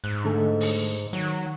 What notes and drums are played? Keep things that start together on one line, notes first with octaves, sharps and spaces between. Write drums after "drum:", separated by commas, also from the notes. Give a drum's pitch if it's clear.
G#2 F#6
D3 A3 A4
drum: open hi-hat
D#3 F#3, drum: hi-hat